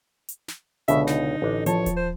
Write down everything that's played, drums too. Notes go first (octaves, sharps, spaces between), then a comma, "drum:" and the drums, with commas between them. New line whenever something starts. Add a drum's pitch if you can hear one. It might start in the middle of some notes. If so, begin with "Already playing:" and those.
drum: hi-hat
drum: snare
C#2 B2 D3 E5 F#5, drum: hi-hat
D#4, drum: snare
A1 D4
F3 C#5 A5, drum: hi-hat
drum: kick D#1, hi-hat
C5